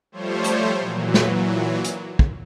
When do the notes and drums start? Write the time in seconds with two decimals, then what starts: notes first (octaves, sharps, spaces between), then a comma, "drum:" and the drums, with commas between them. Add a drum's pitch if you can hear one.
0.12 F3 G3 A3 C5 C#5
0.44 drum: hi-hat
0.79 A#2 E3 F#3
1.14 drum: snare
1.84 drum: hi-hat
2.19 drum: kick